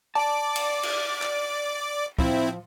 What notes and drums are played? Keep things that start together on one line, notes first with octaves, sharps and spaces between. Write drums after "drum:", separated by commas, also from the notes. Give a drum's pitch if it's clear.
D5 A5 D6
drum: cymbal
drum: cymbal
drum: clap
F3 C4 E4, drum: kick